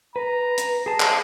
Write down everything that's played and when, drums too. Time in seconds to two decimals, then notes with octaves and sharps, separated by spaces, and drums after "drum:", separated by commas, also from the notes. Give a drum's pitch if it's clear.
0.16 B4 A#5
0.58 drum: hi-hat
0.86 G#4 A5
1.00 drum: clap